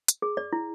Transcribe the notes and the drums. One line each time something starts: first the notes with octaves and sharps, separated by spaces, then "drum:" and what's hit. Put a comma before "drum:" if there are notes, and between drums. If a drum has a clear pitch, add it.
drum: hi-hat
G#4
D5
E4